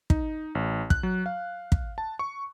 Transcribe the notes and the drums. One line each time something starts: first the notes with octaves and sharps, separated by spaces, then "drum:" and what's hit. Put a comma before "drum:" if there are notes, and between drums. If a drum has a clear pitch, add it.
D#4, drum: kick
A1
F#6, drum: kick
F#3
F5
drum: kick
A5
C#6